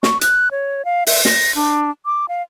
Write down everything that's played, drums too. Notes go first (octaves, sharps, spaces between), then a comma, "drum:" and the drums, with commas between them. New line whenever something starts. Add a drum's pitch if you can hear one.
C#6, drum: snare
F#6, drum: hi-hat
C#5
F5
E5, drum: open hi-hat
A#6, drum: snare
D4
D6
F5